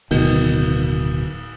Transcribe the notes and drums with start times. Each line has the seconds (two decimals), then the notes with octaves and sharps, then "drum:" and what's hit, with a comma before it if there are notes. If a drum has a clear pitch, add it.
0.11 D1 B2 D#3, drum: cymbal